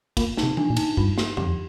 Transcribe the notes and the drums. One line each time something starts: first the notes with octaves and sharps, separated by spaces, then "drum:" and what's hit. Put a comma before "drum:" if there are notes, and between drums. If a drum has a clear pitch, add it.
A#3 F4, drum: kick, cymbal
D#4, drum: snare
C3
D4, drum: tom D#3
A#2
D#4, drum: cymbal
G2 F4, drum: kick
G4, drum: snare
F2 G4, drum: tom E2